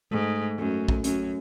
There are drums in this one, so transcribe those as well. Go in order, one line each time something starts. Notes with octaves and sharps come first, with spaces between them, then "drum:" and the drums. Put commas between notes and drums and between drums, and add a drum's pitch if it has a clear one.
G#2 A3
F#2 A3
drum: kick
F#2 C#4, drum: hi-hat